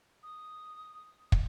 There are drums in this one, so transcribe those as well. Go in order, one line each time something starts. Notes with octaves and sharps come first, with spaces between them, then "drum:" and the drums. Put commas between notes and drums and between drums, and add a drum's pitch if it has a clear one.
D#6
drum: kick